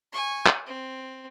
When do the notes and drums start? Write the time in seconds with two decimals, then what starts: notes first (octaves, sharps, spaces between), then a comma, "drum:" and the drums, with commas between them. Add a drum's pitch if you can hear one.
0.12 G#5 C#6
0.46 drum: clap
0.67 C4